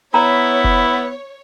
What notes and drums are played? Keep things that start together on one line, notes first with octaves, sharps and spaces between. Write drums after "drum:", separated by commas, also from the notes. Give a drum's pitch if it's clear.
B3 E4 C#5 A#5
drum: kick F1